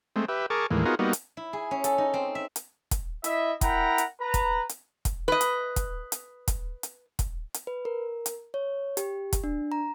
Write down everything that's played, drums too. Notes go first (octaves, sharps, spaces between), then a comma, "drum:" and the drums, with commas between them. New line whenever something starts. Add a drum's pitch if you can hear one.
G#3 A3 C4
G4 B4 E5
G#4 A#4 A5 C#6 D6
D#2 A2 E3 G#3 A#3
B3 D#4 F4 F#4 G#4 A#4
G3 A#3 B3 D#4 F#4
drum: hi-hat
E4
G#4
C#4
A4, drum: hi-hat
D#4
C4
E5
drum: hi-hat
drum: kick, hi-hat
E4 D#5 E5, drum: hi-hat
E4 A#4 F#5 G5 A#5 B5, drum: kick, hi-hat
drum: hi-hat
B4 A#5
drum: kick, hi-hat
drum: hi-hat
drum: kick, hi-hat
B4 D#5
drum: hi-hat
drum: kick, hi-hat
drum: hi-hat
drum: kick, hi-hat
drum: hi-hat
drum: kick, hi-hat
drum: hi-hat
B4
A#4
drum: hi-hat
C#5
G4, drum: hi-hat
drum: kick, hi-hat
D4
A#5